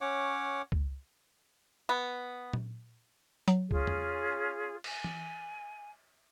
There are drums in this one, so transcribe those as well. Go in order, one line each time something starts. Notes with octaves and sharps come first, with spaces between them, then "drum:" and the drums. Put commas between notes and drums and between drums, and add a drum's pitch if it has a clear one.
C#4 C#5 F#5 D6
drum: kick
B3
drum: tom A#2
F#3, drum: hi-hat
C#4 F4 G#4, drum: kick
drum: tom E2
G#5, drum: cymbal
drum: tom E3